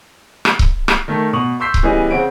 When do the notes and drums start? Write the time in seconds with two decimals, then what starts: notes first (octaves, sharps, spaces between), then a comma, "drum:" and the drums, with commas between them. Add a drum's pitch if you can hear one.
0.45 drum: rim click
0.59 drum: kick C#1
0.88 drum: rim click
1.08 D#3 A3
1.33 B2 C#6 D#6 F7 F#7
1.60 C6 C#6 E6 G6 B6 C7
1.74 drum: kick C#1
1.83 E3 G3 B3 C#4 G#4 D#5
2.11 C#3 C4 C#5 F#5 D7